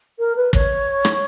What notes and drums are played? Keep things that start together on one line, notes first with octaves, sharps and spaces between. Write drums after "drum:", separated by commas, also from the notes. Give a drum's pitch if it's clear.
A#4
B4
C#5, drum: kick
drum: rim click